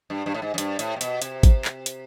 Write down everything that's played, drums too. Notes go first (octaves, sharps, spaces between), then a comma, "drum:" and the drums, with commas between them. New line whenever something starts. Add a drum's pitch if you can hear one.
G2
G2
A2
G#2
F#2
G2, drum: hi-hat
A2, drum: hi-hat
A#2
B2, drum: hi-hat
C3, drum: hi-hat
drum: kick, hi-hat
drum: clap
drum: hi-hat